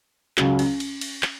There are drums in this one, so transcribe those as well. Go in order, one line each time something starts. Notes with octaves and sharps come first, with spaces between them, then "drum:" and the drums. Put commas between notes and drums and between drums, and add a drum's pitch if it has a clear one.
C#2 C#3 F#3 C#4, drum: clap
C#4, drum: cymbal
drum: cymbal
drum: cymbal
drum: clap